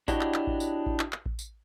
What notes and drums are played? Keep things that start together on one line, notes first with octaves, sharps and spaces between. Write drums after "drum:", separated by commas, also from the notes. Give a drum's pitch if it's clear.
D4 E4 F#4 G4 C#5 D#5, drum: kick A1, tambourine
drum: clap
drum: clap
drum: kick A1
drum: tambourine
drum: kick A1
drum: clap
drum: clap
drum: kick A1
drum: tambourine